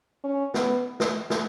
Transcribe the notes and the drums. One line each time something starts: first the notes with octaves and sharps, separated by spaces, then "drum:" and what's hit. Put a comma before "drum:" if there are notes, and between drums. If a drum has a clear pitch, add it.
C#4
B3, drum: snare
drum: snare
drum: snare